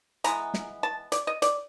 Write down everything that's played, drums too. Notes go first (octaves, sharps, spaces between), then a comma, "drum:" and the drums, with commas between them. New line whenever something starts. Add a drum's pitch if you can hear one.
E3 G#3 B3 A#5, drum: hi-hat
drum: snare
A5
D5, drum: hi-hat
D#5
D5, drum: hi-hat